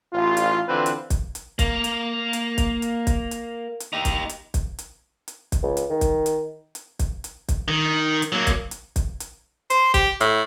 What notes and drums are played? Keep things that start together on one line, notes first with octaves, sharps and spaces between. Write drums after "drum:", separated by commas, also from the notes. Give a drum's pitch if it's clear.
A1 F4
drum: hi-hat
D3 E3 C4 F4 B4
drum: hi-hat
drum: kick, hi-hat
drum: hi-hat
A#3, drum: kick, hi-hat
drum: hi-hat
drum: hi-hat
drum: kick, hi-hat
drum: hi-hat
drum: kick, hi-hat
drum: hi-hat
drum: hi-hat
D#4 G4
drum: kick, hi-hat
drum: hi-hat
drum: kick, hi-hat
drum: hi-hat
drum: hi-hat
drum: kick, hi-hat
C#2
drum: hi-hat
D#3
drum: kick, hi-hat
drum: hi-hat
drum: hi-hat
drum: kick, hi-hat
drum: hi-hat
drum: kick, hi-hat
D#3
drum: hi-hat
F#3 A#3
drum: kick, hi-hat
drum: hi-hat
drum: kick, hi-hat
drum: hi-hat
C5, drum: hi-hat
G4, drum: kick, hi-hat
A2, drum: hi-hat